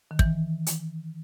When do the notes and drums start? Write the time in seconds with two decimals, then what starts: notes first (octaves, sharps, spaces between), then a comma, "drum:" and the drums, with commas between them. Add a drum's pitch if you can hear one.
0.11 D#3
0.19 E3, drum: kick
0.67 drum: hi-hat